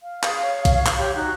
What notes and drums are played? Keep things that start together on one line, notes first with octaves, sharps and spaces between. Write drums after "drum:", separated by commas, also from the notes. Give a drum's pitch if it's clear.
F5
G#4 F5, drum: clap
C#5
drum: kick B1, hi-hat
drum: clap
G4 C#5
D#4 F#4